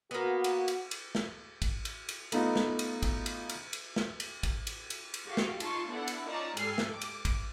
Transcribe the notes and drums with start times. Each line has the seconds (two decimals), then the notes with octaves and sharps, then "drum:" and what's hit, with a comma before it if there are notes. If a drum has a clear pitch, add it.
0.11 A#3 B3 F#4
0.44 drum: cymbal
0.68 drum: cymbal
0.91 drum: cymbal
1.15 drum: snare
1.62 drum: kick, cymbal
1.85 drum: cymbal
2.09 drum: cymbal
2.32 A3 B3 D#4 F4, drum: cymbal
2.56 drum: snare
2.79 drum: cymbal
3.03 drum: kick, cymbal
3.26 drum: cymbal
3.49 drum: cymbal
3.73 drum: cymbal
3.96 drum: snare
4.20 drum: cymbal
4.43 drum: kick, cymbal
4.67 drum: cymbal
4.90 drum: cymbal
5.14 drum: cymbal
5.25 F#4 G4 A4 F5
5.37 drum: snare
5.60 D#4 F4 A5 C6 C#6, drum: cymbal
5.90 B3 D4 E4 A4 F#5
6.08 drum: cymbal
6.27 C#4 D#4 F4 D5 A5 A#5
6.57 G#2 G3 A4 G#5 F6 C7, drum: cymbal
6.78 drum: snare
6.91 D6
7.02 drum: cymbal
7.25 drum: kick, cymbal